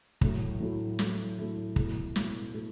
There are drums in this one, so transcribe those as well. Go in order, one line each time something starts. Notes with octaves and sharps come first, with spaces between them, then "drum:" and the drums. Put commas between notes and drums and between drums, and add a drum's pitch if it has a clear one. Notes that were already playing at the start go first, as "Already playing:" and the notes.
A2 F#3 A3 E4, drum: kick
A2 F#3 A3 E4
A2 F#3 A3 E4, drum: snare
A2 F#3 A3 E4
B2 A3 E4, drum: kick
B2 A3 E4, drum: snare
B2 A3 E4